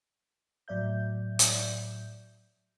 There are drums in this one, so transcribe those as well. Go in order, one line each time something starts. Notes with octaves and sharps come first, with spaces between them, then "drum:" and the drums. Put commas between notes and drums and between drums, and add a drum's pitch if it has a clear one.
A2 F#3 D5 E5 G6
drum: hi-hat